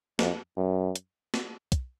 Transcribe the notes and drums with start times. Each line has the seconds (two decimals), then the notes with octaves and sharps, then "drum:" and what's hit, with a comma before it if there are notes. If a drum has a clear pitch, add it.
0.19 F2, drum: snare
0.57 F#2
0.96 drum: hi-hat
1.34 drum: snare
1.72 drum: kick, hi-hat